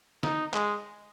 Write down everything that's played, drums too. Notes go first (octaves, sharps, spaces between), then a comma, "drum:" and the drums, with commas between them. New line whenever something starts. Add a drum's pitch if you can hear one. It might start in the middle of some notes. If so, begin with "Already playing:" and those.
D#4, drum: snare
G#3, drum: clap